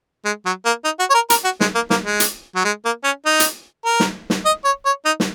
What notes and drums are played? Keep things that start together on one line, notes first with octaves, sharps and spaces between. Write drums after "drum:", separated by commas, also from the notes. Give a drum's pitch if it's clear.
G#3
F#3
A#3
D#4
F#4
C#5
A#4
A#4, drum: hi-hat
F#4
G#3, drum: snare
A#3
A#3, drum: snare
G#3
drum: hi-hat
F#3
G#3
A#3
C#4
D#4
drum: hi-hat
A#4
drum: snare
drum: snare
D#5
C#5
C#5
D#4
drum: snare